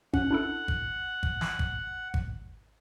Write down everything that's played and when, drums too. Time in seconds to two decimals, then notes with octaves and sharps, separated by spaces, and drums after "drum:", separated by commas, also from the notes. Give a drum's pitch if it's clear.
0.14 C#4 F#5, drum: kick G#1
0.31 D4 E4 A4
0.68 drum: kick G#1
1.23 drum: kick G#1
1.41 drum: snare
1.59 drum: kick G#1
2.14 drum: kick G#1